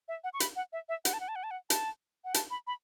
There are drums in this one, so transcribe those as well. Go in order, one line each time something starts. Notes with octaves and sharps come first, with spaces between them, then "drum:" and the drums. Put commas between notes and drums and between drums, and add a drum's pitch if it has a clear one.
E5
F#5
C#6
B5, drum: hi-hat
F#5
E5
E5
F#5, drum: hi-hat
A5
F#5
A5
F#5
A5
F#5
A5, drum: hi-hat
F#5
A5, drum: hi-hat
B5
B5